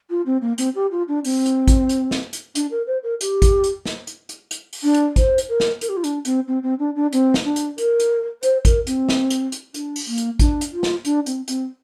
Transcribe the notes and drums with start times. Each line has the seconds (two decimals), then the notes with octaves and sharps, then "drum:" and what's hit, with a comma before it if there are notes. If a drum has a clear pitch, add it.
0.10 F4
0.26 C4
0.42 A#3
0.58 C4, drum: hi-hat
0.75 G4
0.91 F4
1.08 D4
1.24 C4, drum: open hi-hat
1.46 drum: hi-hat
1.68 drum: kick, hi-hat
1.89 drum: hi-hat
2.11 drum: snare
2.33 drum: hi-hat
2.55 D4, drum: hi-hat
2.71 A#4
2.87 C5
3.03 A#4
3.21 G4, drum: hi-hat
3.42 drum: kick, hi-hat
3.64 drum: hi-hat
3.85 drum: snare
4.07 drum: hi-hat
4.29 drum: hi-hat
4.51 drum: hi-hat
4.73 drum: open hi-hat
4.83 D4
4.94 drum: hi-hat
5.16 C5, drum: kick, hi-hat
5.38 drum: hi-hat
5.49 A#4
5.60 drum: snare
5.81 A#4, drum: hi-hat
5.89 G4
5.97 F4
6.04 D4, drum: hi-hat
6.25 C4, drum: hi-hat
6.48 C4
6.63 C4
6.79 D4
6.96 D4
7.13 C4, drum: hi-hat
7.34 drum: snare
7.45 D4
7.56 drum: hi-hat
7.78 A#4, drum: hi-hat
8.00 drum: hi-hat
8.43 C5, drum: hi-hat
8.65 A#4, drum: kick, hi-hat
8.87 C4, drum: hi-hat
9.09 drum: snare
9.30 drum: hi-hat
9.52 drum: hi-hat
9.74 D4, drum: hi-hat
9.96 drum: open hi-hat
10.07 A#3
10.18 drum: hi-hat
10.39 D4, drum: kick, hi-hat
10.61 drum: hi-hat
10.73 F4
10.83 drum: snare
11.05 D4, drum: hi-hat
11.26 C4, drum: hi-hat
11.48 C4, drum: hi-hat